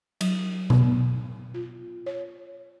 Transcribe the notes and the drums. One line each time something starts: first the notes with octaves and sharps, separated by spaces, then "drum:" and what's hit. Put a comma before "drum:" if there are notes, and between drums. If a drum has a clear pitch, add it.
F#3, drum: cymbal
B3, drum: tom B2
F4
C#5